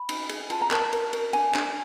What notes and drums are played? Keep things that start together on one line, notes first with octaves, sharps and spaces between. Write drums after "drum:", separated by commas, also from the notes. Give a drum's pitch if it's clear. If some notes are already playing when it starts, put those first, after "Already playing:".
Already playing: B5
D#4, drum: cymbal
G#4, drum: cymbal
F4 A5, drum: cymbal
A#5
A#4 A5, drum: clap
A#4, drum: cymbal
A#4, drum: cymbal
D4 G#5, drum: cymbal
D4, drum: clap